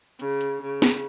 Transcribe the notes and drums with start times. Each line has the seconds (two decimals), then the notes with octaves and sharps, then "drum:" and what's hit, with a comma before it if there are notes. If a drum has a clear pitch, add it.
0.19 C#3, drum: hi-hat
0.41 drum: hi-hat
0.62 C#3
0.82 drum: snare